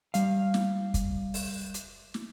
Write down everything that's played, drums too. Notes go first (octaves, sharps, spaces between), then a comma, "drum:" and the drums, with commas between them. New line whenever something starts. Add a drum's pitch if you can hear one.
G3 F5, drum: hi-hat
drum: snare
drum: kick, hi-hat
drum: open hi-hat
drum: hi-hat
drum: snare